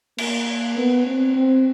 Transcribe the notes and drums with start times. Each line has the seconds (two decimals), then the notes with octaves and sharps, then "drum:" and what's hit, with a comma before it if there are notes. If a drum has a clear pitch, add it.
0.18 A#3, drum: cymbal
0.78 B3
1.06 C4
1.36 C4